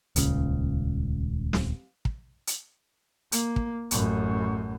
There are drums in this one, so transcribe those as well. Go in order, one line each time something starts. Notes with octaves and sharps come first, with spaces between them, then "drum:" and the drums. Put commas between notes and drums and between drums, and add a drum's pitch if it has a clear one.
D#1 C#2 C#3, drum: hi-hat
drum: snare
drum: kick
drum: hi-hat
A#3, drum: hi-hat
drum: kick
A1 F#2, drum: hi-hat